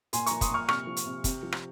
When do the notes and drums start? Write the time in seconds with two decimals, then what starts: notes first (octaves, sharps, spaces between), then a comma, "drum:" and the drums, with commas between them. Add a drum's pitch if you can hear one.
0.13 A#2 G#5 C6, drum: hi-hat
0.26 F3 A#5 C#6, drum: hi-hat
0.41 C6 D#6, drum: kick, hi-hat
0.50 A#2 C#6 F6
0.68 C3 C#6 F6, drum: rim click
0.87 F3
0.97 drum: hi-hat
1.06 C3
1.24 C3, drum: kick, hi-hat
1.43 F3
1.52 drum: rim click